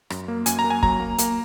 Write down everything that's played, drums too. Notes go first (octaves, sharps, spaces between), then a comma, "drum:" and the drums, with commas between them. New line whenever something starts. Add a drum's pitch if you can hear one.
F#2, drum: rim click
A#3
F#2 G#5, drum: hi-hat
A#5
A#3
G#5
F#3 A#5, drum: kick
A#3
A#3, drum: hi-hat